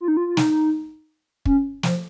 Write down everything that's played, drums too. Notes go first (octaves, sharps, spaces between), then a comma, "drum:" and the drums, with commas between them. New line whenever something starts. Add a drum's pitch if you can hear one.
F4
D#4
F4
F4
D#4, drum: snare
C#4, drum: kick
F3, drum: snare